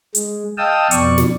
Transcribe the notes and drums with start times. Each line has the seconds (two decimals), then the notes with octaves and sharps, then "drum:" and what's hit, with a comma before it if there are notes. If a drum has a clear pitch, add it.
0.15 G#3, drum: hi-hat
0.58 D#5 F5 G5 A5 D#6 E6
0.91 F2 B2 D5 C#6, drum: hi-hat
1.18 drum: snare